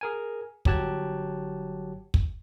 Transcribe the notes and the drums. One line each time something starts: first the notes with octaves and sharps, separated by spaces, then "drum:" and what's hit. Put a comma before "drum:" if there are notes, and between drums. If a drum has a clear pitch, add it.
G#4 A#4 G#5
G1 F#3 G4 A5 F#6 G#6, drum: kick
drum: kick